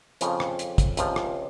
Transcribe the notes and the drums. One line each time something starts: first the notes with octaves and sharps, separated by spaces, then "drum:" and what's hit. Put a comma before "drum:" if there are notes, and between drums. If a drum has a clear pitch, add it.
F2 C#3 F3, drum: hi-hat
drum: rim click
drum: hi-hat
drum: kick, hi-hat
C#2 C3 F3, drum: hi-hat
drum: rim click